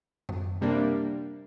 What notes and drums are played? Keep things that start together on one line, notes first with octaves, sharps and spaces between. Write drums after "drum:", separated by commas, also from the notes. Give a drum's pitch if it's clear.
drum: tom F#2
C3 G3 A#3 D4